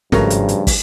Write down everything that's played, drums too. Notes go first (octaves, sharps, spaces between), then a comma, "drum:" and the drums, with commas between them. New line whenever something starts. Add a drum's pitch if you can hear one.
G#1 G2 C#3 F3 A3 F#4 G#4 A#4, drum: snare
drum: hi-hat
drum: hi-hat
drum: kick, open hi-hat